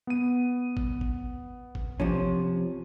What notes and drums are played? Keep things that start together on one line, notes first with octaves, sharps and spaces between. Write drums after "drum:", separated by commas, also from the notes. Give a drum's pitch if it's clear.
B3 D#7
drum: kick G#1
drum: kick G#1
drum: kick G#1
C3 F3 C#4, drum: kick G#1